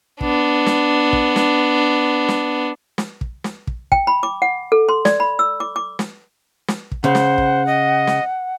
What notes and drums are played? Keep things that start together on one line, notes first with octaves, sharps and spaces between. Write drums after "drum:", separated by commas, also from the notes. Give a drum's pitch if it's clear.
B3 D4, drum: kick
drum: snare
drum: kick
drum: snare
drum: snare
drum: snare
drum: kick
drum: snare
drum: kick
G5, drum: kick
B5
D6
F#5
A4
C6
D5, drum: snare
B5
E6
D6
D6
drum: snare
drum: snare
drum: kick
C#3 C5 F#5
drum: snare
drum: kick
D#5
drum: snare